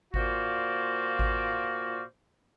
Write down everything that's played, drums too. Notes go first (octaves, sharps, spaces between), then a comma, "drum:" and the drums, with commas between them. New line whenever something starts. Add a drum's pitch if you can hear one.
A#2 F4 F#4 C5 D5 F5, drum: kick G#1
drum: kick G#1